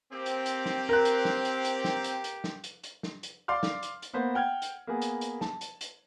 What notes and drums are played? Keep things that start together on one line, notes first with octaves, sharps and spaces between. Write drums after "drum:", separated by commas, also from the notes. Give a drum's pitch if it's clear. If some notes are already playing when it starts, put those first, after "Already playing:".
A#3 C4 G4
drum: hi-hat
drum: hi-hat
drum: snare
A#4 F#6
drum: hi-hat
drum: snare
drum: hi-hat
drum: hi-hat
drum: snare
drum: hi-hat
drum: hi-hat
drum: snare
drum: hi-hat
drum: hi-hat
drum: snare
drum: hi-hat
D5 F5 C6 D6 F6
drum: snare
drum: hi-hat
drum: hi-hat
A#3 B3 C5
F#5 G5 F6 G#6
drum: hi-hat
A#3 B3 G#4
drum: hi-hat
drum: hi-hat
A5, drum: snare
drum: hi-hat
drum: hi-hat